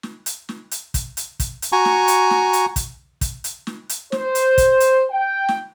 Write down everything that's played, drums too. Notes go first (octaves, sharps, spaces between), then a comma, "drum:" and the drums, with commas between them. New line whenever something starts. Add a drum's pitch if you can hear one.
drum: snare
drum: hi-hat
drum: snare
drum: hi-hat
drum: kick, hi-hat
drum: hi-hat
drum: kick, hi-hat
drum: hi-hat
F#4 G#5 A#5 C#6
drum: snare
drum: hi-hat
drum: snare
drum: hi-hat
drum: kick, hi-hat
drum: kick, hi-hat
drum: hi-hat
drum: snare
drum: hi-hat
C5, drum: snare
drum: hi-hat
drum: kick, hi-hat
drum: hi-hat
G5
drum: snare